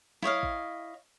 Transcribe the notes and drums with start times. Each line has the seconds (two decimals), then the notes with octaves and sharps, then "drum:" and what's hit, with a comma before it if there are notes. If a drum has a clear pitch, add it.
0.23 E4 C#5 D#5 F5, drum: snare
0.43 drum: kick A1